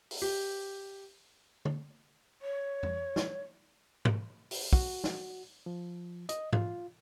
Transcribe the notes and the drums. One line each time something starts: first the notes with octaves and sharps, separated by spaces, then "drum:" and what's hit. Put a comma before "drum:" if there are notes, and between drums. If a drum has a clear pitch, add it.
drum: open hi-hat
G4
drum: tom
C#5
drum: tom F2
drum: snare
drum: tom G#2
drum: open hi-hat
F#4, drum: kick
drum: snare
F3
D#5, drum: hi-hat
F4, drum: tom G#2